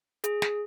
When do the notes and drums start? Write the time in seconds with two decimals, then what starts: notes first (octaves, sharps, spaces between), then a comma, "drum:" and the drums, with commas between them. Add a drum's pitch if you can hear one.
0.24 G#4, drum: hi-hat
0.42 drum: snare